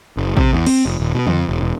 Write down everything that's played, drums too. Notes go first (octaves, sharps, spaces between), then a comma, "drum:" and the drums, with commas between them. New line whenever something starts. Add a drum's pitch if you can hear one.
F#1
C3, drum: kick
E2
C4, drum: cymbal
F1
D#1
B2
F2, drum: tom
E1
E1